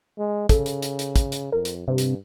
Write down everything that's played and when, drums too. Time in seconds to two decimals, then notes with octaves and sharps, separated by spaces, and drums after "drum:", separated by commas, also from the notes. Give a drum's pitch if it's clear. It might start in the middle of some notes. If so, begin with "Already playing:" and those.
0.18 G#3
0.49 C#3 A4, drum: kick, hi-hat
0.66 drum: hi-hat
0.82 drum: hi-hat
0.99 drum: hi-hat
1.16 drum: kick, hi-hat
1.32 drum: hi-hat
1.52 F2 A#4
1.65 drum: hi-hat
1.88 G2 C3
1.98 drum: hi-hat